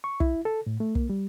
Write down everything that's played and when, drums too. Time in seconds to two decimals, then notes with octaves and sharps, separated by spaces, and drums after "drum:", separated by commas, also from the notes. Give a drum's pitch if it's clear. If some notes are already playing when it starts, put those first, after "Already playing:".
0.04 C#6
0.20 E4, drum: kick
0.45 A4
0.67 A2
0.80 A3
0.95 A#3, drum: kick
1.10 G3